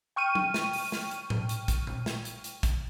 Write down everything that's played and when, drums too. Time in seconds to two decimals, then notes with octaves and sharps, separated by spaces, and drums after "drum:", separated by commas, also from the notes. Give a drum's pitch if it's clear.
0.16 G5 C#6 F6 D#7
0.35 drum: tom F#3
0.54 drum: snare
0.73 drum: open hi-hat
0.92 drum: snare
1.11 drum: hi-hat
1.30 drum: tom A2
1.49 drum: hi-hat
1.68 drum: kick, hi-hat
1.87 drum: tom A#2
2.06 drum: snare
2.25 drum: hi-hat
2.44 drum: hi-hat
2.63 drum: kick, hi-hat